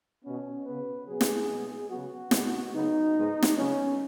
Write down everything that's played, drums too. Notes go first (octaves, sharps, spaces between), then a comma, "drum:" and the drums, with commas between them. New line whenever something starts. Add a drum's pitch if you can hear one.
B2 B3 C#4
C#3 B3 B4
B2 F#3 B3 G#4
drum: snare
B2 G#3 B3
C#3 F#3 B3 F#4
B2 G#3 B3, drum: snare
C#3 F#3 B3 D#4
G#2 G#3 B3
drum: snare
C#3 F#3 B3 C#4